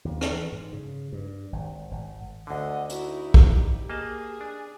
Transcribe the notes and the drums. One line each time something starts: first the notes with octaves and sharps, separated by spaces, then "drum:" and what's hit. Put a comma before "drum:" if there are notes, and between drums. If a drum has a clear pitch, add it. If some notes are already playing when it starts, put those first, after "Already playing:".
D#2
drum: rim click
E3
G#2
C#3
G2
G#1
G#1
D2 D3 D#5 F#5
D#4 E4 F#4, drum: hi-hat
drum: kick
G4
A#3 G#4 D#5 A5
D4